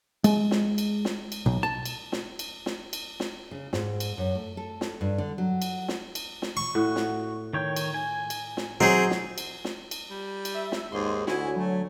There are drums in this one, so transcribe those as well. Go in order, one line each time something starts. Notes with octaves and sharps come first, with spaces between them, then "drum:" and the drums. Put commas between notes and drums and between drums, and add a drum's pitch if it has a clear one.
G#3, drum: cymbal
drum: snare
drum: cymbal
drum: snare
drum: cymbal
B1
A5
drum: cymbal
drum: snare
drum: cymbal
drum: snare
drum: cymbal
drum: snare
C#3
G#2, drum: snare
drum: cymbal
F#2
A3
A4
drum: snare
G2
D3
F#3
drum: cymbal
drum: snare
drum: cymbal
drum: snare
C#6
A2 F#4
drum: snare
D#3 C#5 G5
drum: cymbal
G#5
drum: cymbal
drum: snare
F#3 C4 D#4 G#4 D#5
drum: snare
drum: cymbal
drum: snare
drum: cymbal
G3
drum: cymbal
E5
drum: snare
D#2 G#2 C6
D2 E4 F#4 C#5 G#5, drum: snare
F#3 A3